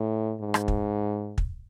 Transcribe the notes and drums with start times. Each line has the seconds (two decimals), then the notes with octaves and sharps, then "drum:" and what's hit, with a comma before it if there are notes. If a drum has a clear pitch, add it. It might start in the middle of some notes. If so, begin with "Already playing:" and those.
Already playing: A2
0.41 G#2
0.54 drum: rim click
0.68 drum: kick
1.38 drum: kick